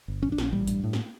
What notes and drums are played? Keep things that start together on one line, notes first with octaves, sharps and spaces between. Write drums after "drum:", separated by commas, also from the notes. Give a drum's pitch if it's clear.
G1
A#1 C#4
D4
A#1 C#4, drum: snare
A1 G3
G2, drum: hi-hat
A2
drum: snare